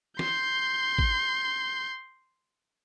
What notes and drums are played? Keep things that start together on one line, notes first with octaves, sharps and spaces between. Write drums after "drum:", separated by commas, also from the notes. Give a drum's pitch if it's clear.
C6 G6, drum: snare
drum: kick